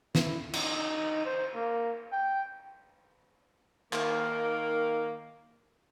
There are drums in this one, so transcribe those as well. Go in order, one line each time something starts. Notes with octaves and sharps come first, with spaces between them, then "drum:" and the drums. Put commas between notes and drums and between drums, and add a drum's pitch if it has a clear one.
E4, drum: snare
D#4, drum: cymbal
C5
A#3
G5
D#3 A#3, drum: clap